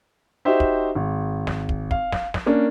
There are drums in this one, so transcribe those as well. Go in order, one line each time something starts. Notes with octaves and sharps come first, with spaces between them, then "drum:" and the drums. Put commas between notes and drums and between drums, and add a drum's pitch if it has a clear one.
D#4 F#4 G4 C5 E5
drum: kick
G#1
drum: snare
drum: kick
F5, drum: kick
drum: snare
drum: snare
A#3 C#4 D4